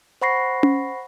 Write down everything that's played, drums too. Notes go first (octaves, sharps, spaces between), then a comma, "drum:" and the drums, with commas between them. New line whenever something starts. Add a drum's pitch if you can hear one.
C5 F#5 B5 C#6 A#6 C7
drum: tom C#4